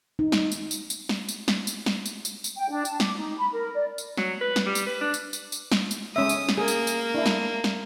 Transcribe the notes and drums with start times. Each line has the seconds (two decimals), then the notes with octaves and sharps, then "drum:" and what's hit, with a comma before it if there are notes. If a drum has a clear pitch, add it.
0.19 D#4
0.32 drum: snare
0.52 drum: tambourine
0.71 drum: tambourine
0.90 drum: tambourine
1.09 drum: snare
1.29 drum: tambourine
1.48 drum: snare
1.67 drum: tambourine
1.86 drum: snare
2.06 drum: tambourine
2.25 drum: tambourine
2.44 drum: tambourine
2.57 G5
2.69 D4
2.85 A5, drum: tambourine
3.00 D6, drum: snare
3.17 D#4
3.37 B5
3.52 A#4
3.74 D5
3.98 drum: tambourine
4.17 F#3, drum: snare
4.41 B4
4.56 drum: snare
4.66 G3
4.75 drum: tambourine
4.86 B4
5.01 D4
5.14 drum: tambourine
5.33 drum: tambourine
5.52 drum: tambourine
5.72 drum: snare
5.91 drum: tambourine
6.16 G#3 C#4 E5 D#6
6.29 drum: tambourine
6.49 drum: snare
6.58 A#3 G#4
6.68 drum: tambourine
6.87 drum: tambourine
7.15 D4 E4
7.26 drum: snare
7.64 drum: snare